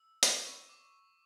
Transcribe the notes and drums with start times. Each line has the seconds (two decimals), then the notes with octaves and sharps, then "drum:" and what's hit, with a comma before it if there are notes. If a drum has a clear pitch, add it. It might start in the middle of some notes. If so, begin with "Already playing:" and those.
Already playing: E6
0.23 D6, drum: hi-hat
0.46 C#6
0.69 D6